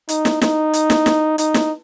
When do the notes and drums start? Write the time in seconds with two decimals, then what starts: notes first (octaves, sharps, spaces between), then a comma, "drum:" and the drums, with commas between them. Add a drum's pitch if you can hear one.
0.09 D#4, drum: hi-hat
0.25 drum: snare
0.41 D#4, drum: snare
0.73 drum: hi-hat
0.90 drum: snare
1.06 drum: snare
1.38 D#4, drum: hi-hat
1.54 drum: snare